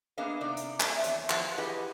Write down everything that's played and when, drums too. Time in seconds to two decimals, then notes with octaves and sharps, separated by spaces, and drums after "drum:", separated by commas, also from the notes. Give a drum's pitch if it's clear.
0.18 A#3 B3 D4 G#4 D#5 F5
0.41 C3 D#4 D5
0.56 drum: hi-hat
0.80 drum: clap
0.90 E5
1.04 E2 C#5, drum: hi-hat
1.30 E3 F3, drum: clap
1.58 E4 G4 G#4 B4 D#5 F#5